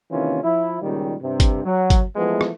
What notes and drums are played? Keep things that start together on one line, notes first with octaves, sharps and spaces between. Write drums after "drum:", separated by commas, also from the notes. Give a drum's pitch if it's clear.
C3 D#3 E3 A#3 C#4 F4
F3 E4
C#2 A#2 D#3 G3
G2 C3
drum: kick, hi-hat
F#3
drum: kick, hi-hat
E3 F3 G#3 A3 B3
drum: rim click